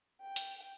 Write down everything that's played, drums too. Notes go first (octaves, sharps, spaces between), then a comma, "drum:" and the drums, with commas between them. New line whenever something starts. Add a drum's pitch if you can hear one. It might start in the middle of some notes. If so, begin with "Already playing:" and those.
G5
drum: hi-hat